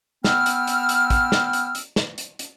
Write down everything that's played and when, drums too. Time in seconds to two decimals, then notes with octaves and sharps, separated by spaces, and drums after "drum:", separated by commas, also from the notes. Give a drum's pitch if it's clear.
0.24 B3 G5 E6 F6, drum: snare
0.46 drum: hi-hat
0.67 drum: hi-hat
0.89 drum: hi-hat
1.10 drum: kick, hi-hat
1.32 drum: snare
1.53 drum: hi-hat
1.75 drum: hi-hat
1.96 drum: snare
2.18 drum: hi-hat
2.39 drum: hi-hat